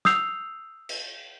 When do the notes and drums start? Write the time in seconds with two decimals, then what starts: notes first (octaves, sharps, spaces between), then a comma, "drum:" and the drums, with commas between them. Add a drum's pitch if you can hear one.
0.05 D#6 E6 G6 C7 F7, drum: snare
0.89 drum: cymbal